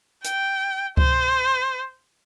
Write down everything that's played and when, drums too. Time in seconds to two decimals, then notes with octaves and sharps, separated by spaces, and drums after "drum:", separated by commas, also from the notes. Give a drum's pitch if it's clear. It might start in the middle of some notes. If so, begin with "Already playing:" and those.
0.24 G5, drum: hi-hat
0.97 C5, drum: kick C#2